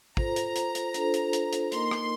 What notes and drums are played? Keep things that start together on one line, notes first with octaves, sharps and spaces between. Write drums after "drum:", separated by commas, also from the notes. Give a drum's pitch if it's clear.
F4 A4 C5 A#5, drum: kick
drum: hi-hat
drum: hi-hat
drum: hi-hat
D4 F4 A4 C5, drum: hi-hat
drum: hi-hat
drum: hi-hat
drum: hi-hat
A#3 D#4 A#4 D#5 C6, drum: hi-hat
drum: rim click